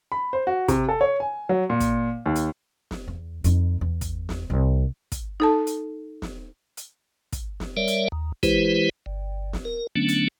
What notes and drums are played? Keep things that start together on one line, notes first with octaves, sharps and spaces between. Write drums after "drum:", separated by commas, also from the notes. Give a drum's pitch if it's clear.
B5
C5
F#4
C3, drum: kick, hi-hat
A4
C#5
G#5
F#3
A#2
drum: kick, hi-hat
D#2
drum: hi-hat
drum: snare
E2
F2 D#4, drum: hi-hat
E2
drum: kick, hi-hat
drum: snare
C2
drum: kick, hi-hat
D#4 A4 A5
drum: hi-hat
drum: snare
drum: hi-hat
drum: kick, hi-hat
drum: snare
G3 A#4 C#5 D5 E5
drum: hi-hat
D#2
E3 G#3 E4 G4 B4 C5, drum: kick, hi-hat
G1
drum: snare
A#4
D3 F#3 A3 B3 C#4 D4
drum: hi-hat